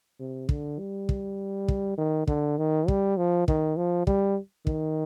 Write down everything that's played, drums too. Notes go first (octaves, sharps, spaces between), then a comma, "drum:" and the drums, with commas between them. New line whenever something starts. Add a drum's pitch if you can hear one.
C3
D3, drum: kick
G3
drum: kick
drum: kick
D#3
D3, drum: kick
D#3
G3, drum: kick
F3
D#3, drum: kick
F3
G3, drum: kick
D#3, drum: kick